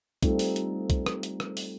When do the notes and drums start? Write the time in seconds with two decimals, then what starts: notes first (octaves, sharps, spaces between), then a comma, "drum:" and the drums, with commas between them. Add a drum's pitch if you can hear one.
0.23 G3 A3 C4 D#4 F4 A4, drum: kick B1, hi-hat
0.39 drum: open hi-hat
0.56 drum: hi-hat
0.90 drum: kick B1, hi-hat
1.06 drum: rim click
1.23 drum: hi-hat
1.40 drum: rim click
1.57 drum: open hi-hat